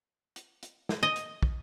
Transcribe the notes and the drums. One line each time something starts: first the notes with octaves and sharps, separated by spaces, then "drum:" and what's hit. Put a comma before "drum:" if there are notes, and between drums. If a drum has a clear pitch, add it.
drum: hi-hat
drum: hi-hat
drum: snare
D#5
drum: hi-hat
drum: kick